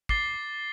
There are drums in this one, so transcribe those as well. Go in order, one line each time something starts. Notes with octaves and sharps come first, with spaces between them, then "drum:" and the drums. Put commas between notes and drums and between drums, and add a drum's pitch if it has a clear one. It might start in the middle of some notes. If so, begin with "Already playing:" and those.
D6 A6 C7 G7, drum: kick